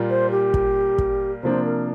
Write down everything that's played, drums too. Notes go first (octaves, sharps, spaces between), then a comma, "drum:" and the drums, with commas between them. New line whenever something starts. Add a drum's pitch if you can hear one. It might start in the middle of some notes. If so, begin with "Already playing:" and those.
Already playing: A#2 G3 A#3 F4
C5
G4
drum: kick
drum: kick
C3 F3 A#3 D4 C5
A#4